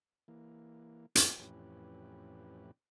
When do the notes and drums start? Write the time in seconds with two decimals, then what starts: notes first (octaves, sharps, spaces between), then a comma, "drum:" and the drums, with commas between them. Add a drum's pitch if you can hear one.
0.28 E3 A#3
1.15 drum: hi-hat
1.39 F2 A2 E3 C#4 G4 B4